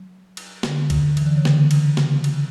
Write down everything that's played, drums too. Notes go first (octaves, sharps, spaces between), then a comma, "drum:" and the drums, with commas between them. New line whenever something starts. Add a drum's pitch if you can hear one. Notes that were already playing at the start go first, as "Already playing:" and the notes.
Already playing: F#3
drum: cymbal
D3, drum: snare
D3, drum: kick, cymbal
E3, drum: cymbal
D3
C#3
D3, drum: snare
drum: cymbal
C#3, drum: snare
drum: cymbal